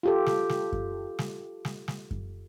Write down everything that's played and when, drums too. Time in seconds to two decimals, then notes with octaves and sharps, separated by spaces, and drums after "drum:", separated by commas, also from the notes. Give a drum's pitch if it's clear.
0.03 F4 G4 A4
0.26 drum: snare
0.49 drum: snare
0.73 drum: kick F#2
1.19 drum: snare
1.65 drum: snare
1.88 drum: snare
2.11 drum: kick F#2